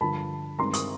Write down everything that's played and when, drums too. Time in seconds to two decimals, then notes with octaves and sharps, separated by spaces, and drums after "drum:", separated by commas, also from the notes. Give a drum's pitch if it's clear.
0.01 G2 D3 F3 A5 B5
0.59 G2 D#3 G#3 C4 A#5 C6
0.73 C#6 D#6, drum: hi-hat